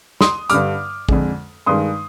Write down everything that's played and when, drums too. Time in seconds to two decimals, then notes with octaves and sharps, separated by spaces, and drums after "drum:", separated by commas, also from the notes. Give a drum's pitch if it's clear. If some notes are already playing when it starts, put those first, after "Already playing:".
0.21 C6 D#6, drum: snare
0.50 G2 D3 G3 D6 F6, drum: hi-hat
1.09 F2 D3 G#3, drum: kick A1
1.66 G2 D#3 G#3 C6 D#6